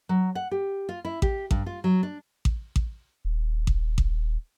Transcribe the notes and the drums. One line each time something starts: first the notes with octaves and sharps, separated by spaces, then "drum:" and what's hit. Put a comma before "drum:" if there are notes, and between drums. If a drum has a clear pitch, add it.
F#3
F#5
G4
F4
E4
G4, drum: kick A1
G2, drum: kick A1
F4
F#3
D4
drum: kick A1
drum: kick A1
D#1
drum: kick A1
drum: kick A1